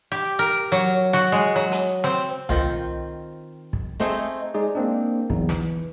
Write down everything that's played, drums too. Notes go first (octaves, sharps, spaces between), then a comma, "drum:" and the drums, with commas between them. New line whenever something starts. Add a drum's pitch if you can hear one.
G4
A#4
F#3
F#4, drum: snare
G#3
F#3
drum: hi-hat
C4, drum: snare
D#3 C4 F4, drum: tom C2
drum: kick
A3 C4 D#4 G#4
G#3 D#4 G#4 D5
A#3 C4 D4
B1 E2 D#4, drum: kick
E3, drum: snare